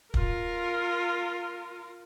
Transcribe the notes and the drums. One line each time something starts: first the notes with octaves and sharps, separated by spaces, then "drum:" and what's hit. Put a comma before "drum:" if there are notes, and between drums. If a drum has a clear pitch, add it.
F4 A#4, drum: kick